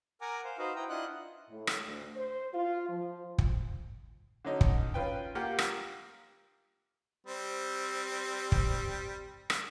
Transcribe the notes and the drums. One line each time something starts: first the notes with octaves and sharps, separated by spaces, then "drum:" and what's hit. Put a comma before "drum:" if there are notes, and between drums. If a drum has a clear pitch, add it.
A#4 F#5 G#5 A#5 D6
C5 F5
D#4 F#4 B4 C5 F5
E4 G5 A#5
D4 E4 F4 D#5 F#5 F#6
A2
drum: rim click
D2
C5
F4
F3
drum: kick
D3 F#3 C#4 D#4
drum: kick
C#4 F4 B4 G5
A#3 F4 G4 F#5
drum: rim click
G3 C4
drum: kick
drum: rim click